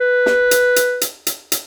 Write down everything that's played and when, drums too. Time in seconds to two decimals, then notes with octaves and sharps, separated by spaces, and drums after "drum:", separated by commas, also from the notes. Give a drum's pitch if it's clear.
0.01 B4
0.26 drum: snare
0.51 drum: hi-hat
0.76 drum: hi-hat
1.01 drum: hi-hat
1.27 drum: hi-hat
1.52 drum: hi-hat